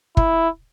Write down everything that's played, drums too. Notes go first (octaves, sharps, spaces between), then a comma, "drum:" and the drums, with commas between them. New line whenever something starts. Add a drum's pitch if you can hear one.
E4, drum: kick